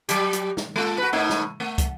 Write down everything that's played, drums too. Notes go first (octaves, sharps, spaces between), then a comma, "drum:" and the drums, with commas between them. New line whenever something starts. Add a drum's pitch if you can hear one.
F#3 G3 G4, drum: hi-hat
drum: hi-hat
drum: snare
G#3 F4 A4
F#4 B4
A2 A3 D#4
drum: snare
A3
drum: kick, hi-hat